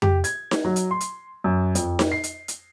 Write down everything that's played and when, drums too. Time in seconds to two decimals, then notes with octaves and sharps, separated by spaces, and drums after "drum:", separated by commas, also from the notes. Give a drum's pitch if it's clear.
0.02 G4, drum: tom F2
0.24 G#6, drum: hi-hat
0.51 drum: snare D#4
0.65 F#3
0.76 drum: hi-hat
0.91 C6
1.00 drum: hi-hat
1.44 F#2
1.75 F2, drum: hi-hat
1.99 drum: snare D#4
2.12 C7
2.24 drum: hi-hat
2.48 drum: hi-hat